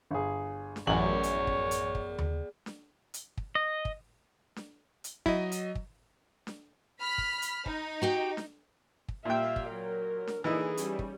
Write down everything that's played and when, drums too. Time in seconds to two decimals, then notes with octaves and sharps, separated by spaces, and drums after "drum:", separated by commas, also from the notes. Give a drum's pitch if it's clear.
0.11 G1 G#4
0.76 drum: snare D4
0.87 A1 F#2 G#4 C#5 D5 F#7
1.23 drum: hi-hat
1.47 drum: kick
1.71 drum: hi-hat
1.95 drum: kick
2.19 drum: tom D#2
2.66 drum: snare D4
3.14 drum: hi-hat
3.37 drum: kick
3.55 D#5
3.85 drum: kick
4.56 drum: snare D4
5.04 drum: hi-hat
5.26 F#3 E4 D#5, drum: kick
5.52 drum: hi-hat
5.75 drum: kick
6.47 drum: snare D4
6.98 B5 F6 B6
7.18 drum: kick
7.42 drum: hi-hat
7.66 D#4, drum: kick
8.02 F#4 G4 G5
8.37 drum: snare D4
9.08 drum: kick
9.25 A#2 G3 E5 F5 G5
9.56 drum: kick
9.68 F#3 A#4
10.27 drum: snare D4
10.44 D3 E3 A#3 D#4 E4 G#4
10.77 G3 C#4, drum: hi-hat
10.99 drum: kick